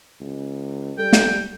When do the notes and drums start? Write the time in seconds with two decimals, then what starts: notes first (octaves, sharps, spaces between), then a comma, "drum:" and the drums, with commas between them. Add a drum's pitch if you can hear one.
0.21 C#2
0.98 G3 A4 G5
1.13 drum: snare